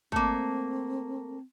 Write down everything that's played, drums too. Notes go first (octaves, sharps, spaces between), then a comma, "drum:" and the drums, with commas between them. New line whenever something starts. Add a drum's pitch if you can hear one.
A3 A#3 C4, drum: kick